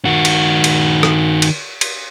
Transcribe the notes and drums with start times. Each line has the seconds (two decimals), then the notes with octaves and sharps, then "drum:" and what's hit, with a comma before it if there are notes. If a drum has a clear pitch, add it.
0.05 D#3 F#4
0.25 drum: cymbal
0.64 drum: cymbal
1.03 drum: rim click
1.42 drum: cymbal
1.81 drum: cymbal